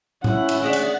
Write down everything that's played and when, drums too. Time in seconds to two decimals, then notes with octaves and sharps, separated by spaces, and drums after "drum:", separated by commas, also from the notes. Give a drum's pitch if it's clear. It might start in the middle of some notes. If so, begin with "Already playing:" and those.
0.24 C#4 E4 F#5, drum: tom A2
0.49 drum: cymbal
0.62 D4 G#4 D#5 E5
0.73 drum: cymbal